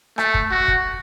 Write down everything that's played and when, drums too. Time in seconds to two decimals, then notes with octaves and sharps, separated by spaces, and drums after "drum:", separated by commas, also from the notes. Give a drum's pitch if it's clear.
0.18 A3, drum: rim click
0.34 drum: kick
0.51 F#4
0.68 drum: kick